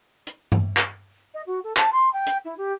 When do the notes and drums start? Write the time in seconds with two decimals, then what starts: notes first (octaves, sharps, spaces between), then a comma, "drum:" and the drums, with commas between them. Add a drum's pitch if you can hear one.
0.27 drum: hi-hat
0.52 drum: tom G2
0.77 drum: clap
1.34 D#5
1.46 F#4
1.63 A4
1.77 A5, drum: clap
1.92 C6
2.13 G5
2.27 drum: hi-hat
2.44 E4
2.57 G4